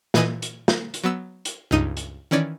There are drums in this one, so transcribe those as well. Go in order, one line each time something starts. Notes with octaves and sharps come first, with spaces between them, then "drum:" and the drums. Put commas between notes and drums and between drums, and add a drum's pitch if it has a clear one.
A#2 E3 B4 D#5 G#5 D#6, drum: snare
drum: hi-hat
drum: snare
drum: hi-hat
F#3 B3 E6
drum: hi-hat
C#2 G2 D#4 D#6 D#7
drum: hi-hat
D#3 E3 C#4 C#5 D5